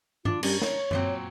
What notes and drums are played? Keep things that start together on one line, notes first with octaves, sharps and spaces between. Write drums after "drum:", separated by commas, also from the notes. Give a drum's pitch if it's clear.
D4 F4, drum: tom G2
G3 C#4 A#4, drum: cymbal
C#5, drum: snare
A#2 F#3 C4, drum: tom F#2